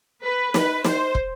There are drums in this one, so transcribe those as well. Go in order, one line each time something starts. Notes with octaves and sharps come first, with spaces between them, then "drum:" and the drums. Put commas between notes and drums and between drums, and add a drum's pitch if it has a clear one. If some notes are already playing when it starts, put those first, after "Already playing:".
B4
B4, drum: snare
C5, drum: snare
drum: kick